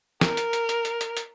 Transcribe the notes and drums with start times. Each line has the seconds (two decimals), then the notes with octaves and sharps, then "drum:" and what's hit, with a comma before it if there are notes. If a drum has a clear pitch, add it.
0.21 A#4, drum: snare
0.37 drum: hi-hat
0.53 drum: hi-hat
0.69 drum: hi-hat
0.85 drum: hi-hat
1.01 drum: hi-hat
1.17 drum: hi-hat